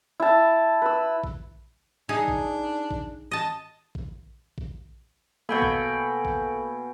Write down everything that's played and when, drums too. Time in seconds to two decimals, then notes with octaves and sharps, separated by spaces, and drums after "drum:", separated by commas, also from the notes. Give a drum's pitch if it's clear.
0.20 E4 A5
0.82 B4 E6
1.24 drum: kick A#1
2.09 D4 D#4 G#4
2.28 drum: kick A#1
2.91 drum: kick A#1
3.31 D#5 A5
3.95 drum: kick A#1
4.58 drum: kick A#1
5.49 B2 A#3 A4 G5 G#5 B5
5.62 drum: kick A#1
6.25 drum: kick A#1